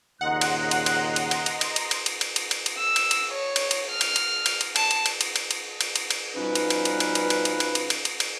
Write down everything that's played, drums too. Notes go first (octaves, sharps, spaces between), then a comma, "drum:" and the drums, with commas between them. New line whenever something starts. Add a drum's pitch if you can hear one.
D#2 A#2 C#3 D#5 F#5 A#5 C6 F#6
drum: cymbal
drum: cymbal
drum: cymbal
drum: cymbal
drum: cymbal
drum: cymbal
drum: cymbal
drum: cymbal
drum: cymbal
drum: cymbal
drum: cymbal
drum: cymbal
drum: cymbal
drum: cymbal
E6
drum: cymbal
drum: cymbal
C#5
drum: cymbal
drum: cymbal
F6
drum: cymbal
drum: cymbal
drum: cymbal
drum: cymbal
A5, drum: cymbal
drum: cymbal
drum: cymbal
drum: cymbal
drum: cymbal
drum: cymbal
drum: cymbal
drum: cymbal
drum: cymbal
B2 F3 G3 C#4 D#4 B4
drum: cymbal
drum: cymbal
drum: cymbal
drum: cymbal
drum: cymbal
drum: cymbal
drum: cymbal
drum: cymbal
drum: cymbal
drum: cymbal
drum: cymbal
drum: cymbal